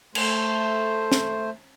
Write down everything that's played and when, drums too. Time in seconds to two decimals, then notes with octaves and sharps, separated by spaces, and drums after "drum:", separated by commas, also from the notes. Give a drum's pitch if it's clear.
0.15 A3 C5, drum: cymbal
1.12 drum: snare